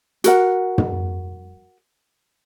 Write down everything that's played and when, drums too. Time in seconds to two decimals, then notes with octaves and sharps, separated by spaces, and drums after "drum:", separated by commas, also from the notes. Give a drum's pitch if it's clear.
0.24 F#4 A#4 F#5, drum: hi-hat
0.78 drum: tom